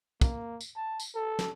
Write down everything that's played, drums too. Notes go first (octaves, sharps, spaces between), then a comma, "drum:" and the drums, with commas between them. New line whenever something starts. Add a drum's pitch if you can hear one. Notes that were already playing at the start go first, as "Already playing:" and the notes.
A#3, drum: kick, tambourine
drum: tambourine
A5
drum: tambourine
A4
drum: snare